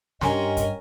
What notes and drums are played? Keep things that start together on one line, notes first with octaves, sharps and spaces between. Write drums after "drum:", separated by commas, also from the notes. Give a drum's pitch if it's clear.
G2 C#4 G4 A#4 D#5 G#5 A#5 C6, drum: snare
drum: kick, hi-hat